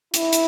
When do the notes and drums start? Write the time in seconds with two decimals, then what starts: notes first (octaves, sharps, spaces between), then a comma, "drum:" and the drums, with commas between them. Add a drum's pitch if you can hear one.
0.14 E4, drum: hi-hat
0.32 drum: hi-hat